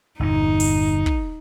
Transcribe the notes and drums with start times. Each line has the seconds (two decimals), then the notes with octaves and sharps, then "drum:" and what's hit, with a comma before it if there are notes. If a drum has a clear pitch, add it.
0.20 G1 E2 A#2 D#4
0.60 drum: open hi-hat
1.06 drum: kick